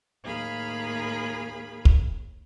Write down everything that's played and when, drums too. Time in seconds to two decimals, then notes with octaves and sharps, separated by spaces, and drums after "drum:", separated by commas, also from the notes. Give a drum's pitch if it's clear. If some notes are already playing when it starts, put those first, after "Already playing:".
0.23 D#2 A2 G#4 A#4 F5 B5
1.85 drum: kick